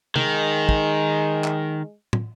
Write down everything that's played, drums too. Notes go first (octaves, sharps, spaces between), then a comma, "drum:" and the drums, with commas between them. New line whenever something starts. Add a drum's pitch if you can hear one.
D#3 G#3, drum: tom
drum: kick
drum: clap
drum: tom